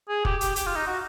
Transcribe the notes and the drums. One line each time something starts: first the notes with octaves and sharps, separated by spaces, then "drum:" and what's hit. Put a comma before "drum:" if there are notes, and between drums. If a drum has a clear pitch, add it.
G#4
G4, drum: kick
G4, drum: hi-hat
G4, drum: hi-hat
F4
D#4
F#4